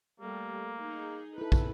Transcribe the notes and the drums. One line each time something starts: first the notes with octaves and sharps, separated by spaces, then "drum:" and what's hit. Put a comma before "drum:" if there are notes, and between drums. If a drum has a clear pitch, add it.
G3 A3 A#3
D#4 G#4
E4 A4 B4
drum: kick